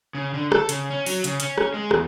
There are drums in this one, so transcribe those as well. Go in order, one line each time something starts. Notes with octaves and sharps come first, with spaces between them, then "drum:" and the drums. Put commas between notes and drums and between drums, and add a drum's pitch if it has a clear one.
C#3
D3
A4, drum: rim click
C#3, drum: hi-hat
C#4
F#3, drum: open hi-hat
C#3, drum: hi-hat
C#4, drum: hi-hat
drum: rim click
G#3
E2, drum: rim click